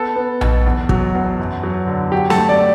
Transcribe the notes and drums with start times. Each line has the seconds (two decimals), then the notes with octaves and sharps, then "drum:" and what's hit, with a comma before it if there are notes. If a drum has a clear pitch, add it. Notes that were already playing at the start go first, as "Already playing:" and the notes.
Already playing: B3 A4
0.16 B3
0.41 B1, drum: tom A#1
0.66 E2
0.89 F#3, drum: kick
1.15 E2
1.39 F#2
1.64 F#3
1.87 D3
2.12 F#3 G4
2.30 A4, drum: snare
2.36 A3
2.49 D5